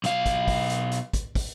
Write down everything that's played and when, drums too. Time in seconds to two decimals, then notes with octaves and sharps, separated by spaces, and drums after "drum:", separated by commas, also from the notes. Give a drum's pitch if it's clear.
0.04 B1 F5, drum: hi-hat
0.26 drum: kick, hi-hat
0.48 drum: kick, open hi-hat
0.70 drum: hi-hat
0.92 drum: hi-hat
1.13 drum: kick, hi-hat
1.35 drum: kick, open hi-hat